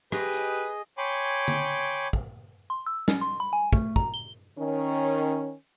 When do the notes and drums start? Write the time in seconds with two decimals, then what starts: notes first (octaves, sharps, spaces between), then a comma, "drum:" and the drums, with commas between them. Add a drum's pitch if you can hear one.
0.12 G4 G#4 B4 D#5, drum: rim click
0.33 drum: hi-hat
0.98 C#5 G5 G#5 B5 C6 D6
1.48 drum: tom D3
2.13 drum: kick
2.70 C6
2.86 E6
3.08 C#4, drum: snare
3.21 C6
3.40 B5
3.53 G#5
3.73 A3, drum: kick
3.96 A#5, drum: kick
4.14 G7
4.59 D#3 C#4